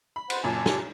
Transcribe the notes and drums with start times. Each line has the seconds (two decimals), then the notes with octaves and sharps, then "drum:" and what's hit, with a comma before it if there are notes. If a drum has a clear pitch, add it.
0.16 B5
0.30 C5 F#5, drum: cymbal
0.44 F#1 F#2 A#2 G#5 A5
0.66 drum: snare G4